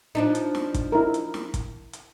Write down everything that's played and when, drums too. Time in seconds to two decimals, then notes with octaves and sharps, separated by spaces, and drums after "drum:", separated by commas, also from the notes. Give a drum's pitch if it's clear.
0.15 F3 D4 D#4
0.35 drum: hi-hat
0.55 drum: snare
0.74 drum: kick, hi-hat
0.92 E4 A#4
1.14 drum: hi-hat
1.34 drum: snare
1.54 drum: kick, hi-hat
1.93 drum: hi-hat